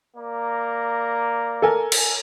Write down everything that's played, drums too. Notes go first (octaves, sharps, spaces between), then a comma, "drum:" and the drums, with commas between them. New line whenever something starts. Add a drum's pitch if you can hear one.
A#3 D5 A#5
A4 A#4 G#5
drum: cymbal